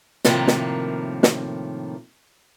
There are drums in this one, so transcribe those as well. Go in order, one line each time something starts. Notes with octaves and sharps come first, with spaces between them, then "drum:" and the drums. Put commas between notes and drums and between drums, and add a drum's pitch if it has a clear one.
A2 C3 D#3 F3 A#3, drum: snare
drum: snare
drum: snare